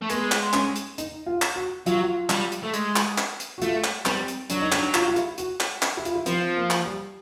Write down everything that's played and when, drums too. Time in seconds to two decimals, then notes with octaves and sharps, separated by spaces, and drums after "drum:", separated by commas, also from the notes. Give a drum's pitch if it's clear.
0.02 A3
0.10 G#3 B3, drum: hi-hat
0.32 drum: clap
0.53 C#4, drum: clap
0.76 drum: hi-hat
0.98 D#4, drum: hi-hat
1.26 F4
1.42 drum: clap
1.56 F#4
1.86 F#3 F4, drum: hi-hat
1.95 F#4
2.03 F4
2.30 G3, drum: clap
2.52 drum: hi-hat
2.63 A3
2.74 G#3, drum: hi-hat
2.96 drum: clap
3.18 drum: clap
3.40 drum: hi-hat
3.58 F#4
3.62 A3 F4, drum: hi-hat
3.84 drum: clap
4.05 G3 C4, drum: clap
4.28 drum: hi-hat
4.50 F#3 D4, drum: hi-hat
4.62 D#4
4.72 D4, drum: clap
4.94 F4, drum: clap
5.07 F4
5.16 E4, drum: hi-hat
5.38 F#4, drum: hi-hat
5.60 drum: clap
5.82 drum: clap
5.97 E4
6.05 F4, drum: hi-hat
6.15 E4
6.26 F3 C4, drum: hi-hat
6.56 A#3
6.70 drum: clap
6.85 G3